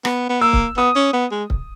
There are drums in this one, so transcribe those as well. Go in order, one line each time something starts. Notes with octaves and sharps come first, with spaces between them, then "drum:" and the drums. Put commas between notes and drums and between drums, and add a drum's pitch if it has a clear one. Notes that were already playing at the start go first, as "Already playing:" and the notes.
B3, drum: rim click
B3
A#3 E6
drum: kick C#1
B3 D#6
C#4
B3
G#3
drum: kick C#1